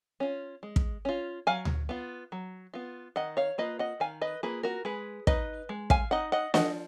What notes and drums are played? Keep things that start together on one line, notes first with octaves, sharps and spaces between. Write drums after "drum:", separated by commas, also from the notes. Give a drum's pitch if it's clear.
C#4 F4
G#3
drum: kick
C#4 F4
F#3 F5 G#5
drum: tom D2
B3 F4
F#3
B3 F4
D#3 D#5 F#5
C#5 F5
A#3 F4 B4 D#5
D#5 F#5
D#3 F5 G#5
B4 D#5
A#3 F4 G#4 B4
F#4 A#4
G#3 G#4 B4
D#4 B4 D#5, drum: kick
G#3
F5 G#5, drum: kick
D#4 D#5 F#5
D#5 F#5
F3 D#5 F#5, drum: snare